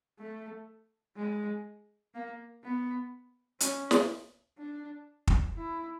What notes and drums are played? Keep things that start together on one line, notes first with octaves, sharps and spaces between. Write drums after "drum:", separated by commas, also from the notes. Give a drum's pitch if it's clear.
A3
G#3
A#3
B3
C#4, drum: hi-hat
drum: snare
D4
drum: kick
E4